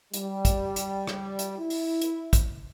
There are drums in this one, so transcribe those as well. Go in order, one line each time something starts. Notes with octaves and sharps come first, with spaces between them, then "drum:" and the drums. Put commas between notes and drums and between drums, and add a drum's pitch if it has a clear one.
G3, drum: hi-hat
drum: kick, hi-hat
drum: hi-hat
drum: rim click
drum: hi-hat
E4
drum: open hi-hat
drum: hi-hat
drum: kick, hi-hat